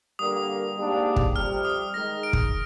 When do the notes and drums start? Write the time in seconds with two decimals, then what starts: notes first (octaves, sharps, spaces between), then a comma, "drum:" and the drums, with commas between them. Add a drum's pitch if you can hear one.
0.19 G2 D3 G3 A#3 D#6
0.78 G#2 G3 A#3 D4
1.16 drum: kick
1.36 F2 C3 G3 F6
1.65 D#6
1.94 D#3 G#3 D#4 A#6
2.23 D7
2.33 drum: kick